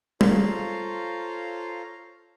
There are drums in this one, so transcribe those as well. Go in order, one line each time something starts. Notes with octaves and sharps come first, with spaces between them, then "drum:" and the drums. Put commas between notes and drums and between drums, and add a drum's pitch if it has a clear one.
F4 A4 C5 C#5 F5 A#5, drum: tom G3